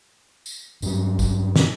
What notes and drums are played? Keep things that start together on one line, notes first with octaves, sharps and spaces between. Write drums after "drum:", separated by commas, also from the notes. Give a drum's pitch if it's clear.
drum: tambourine
G2 F#3, drum: tambourine
drum: kick A1, tambourine
drum: snare